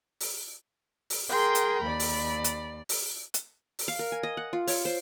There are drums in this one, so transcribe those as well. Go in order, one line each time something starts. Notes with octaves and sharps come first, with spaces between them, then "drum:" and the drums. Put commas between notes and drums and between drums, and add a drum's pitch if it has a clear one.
drum: open hi-hat
drum: open hi-hat
G#4 A#4 G5 C6
drum: hi-hat
D#2 D5 B5
drum: open hi-hat
drum: hi-hat
drum: open hi-hat
drum: hi-hat
drum: open hi-hat
F5
A#4
G#5
D#5
F#5
F4
C#5, drum: open hi-hat
C5